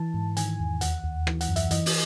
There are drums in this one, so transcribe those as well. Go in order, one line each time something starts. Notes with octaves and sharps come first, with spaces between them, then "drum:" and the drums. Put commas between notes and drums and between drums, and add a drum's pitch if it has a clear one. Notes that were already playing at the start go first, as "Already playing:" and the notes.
Already playing: E3 A5
G#2
D#3 G#5, drum: hi-hat
E2
D#2 F#5, drum: hi-hat
D#2
E3, drum: rim click
F#5, drum: hi-hat
F#2
E5, drum: hi-hat
E3 D#5, drum: hi-hat
drum: open hi-hat